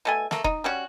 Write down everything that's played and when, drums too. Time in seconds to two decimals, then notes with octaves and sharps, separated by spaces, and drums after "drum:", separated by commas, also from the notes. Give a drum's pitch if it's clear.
0.05 B2 A3 G#5
0.31 A3 A#3, drum: snare
0.44 D#4, drum: kick F1
0.64 G3 C#4 F#4